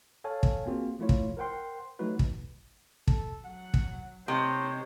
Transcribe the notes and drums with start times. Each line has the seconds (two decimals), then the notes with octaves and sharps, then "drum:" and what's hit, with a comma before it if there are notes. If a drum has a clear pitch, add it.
0.24 A4 C#5 F5 G#5 A5
0.43 drum: kick
0.66 A#3 C4 F4 F#4 G#4
0.99 F3 A3 E4 F4 C#5
1.09 drum: kick
1.37 A#4 C5 F#5 G5 C6
1.99 F3 F#3 A3 D#4 F#4 B4
2.19 drum: kick
3.07 A4, drum: kick
3.45 F#3 F#5
3.74 drum: kick
4.28 C3 C5 C#5 D#5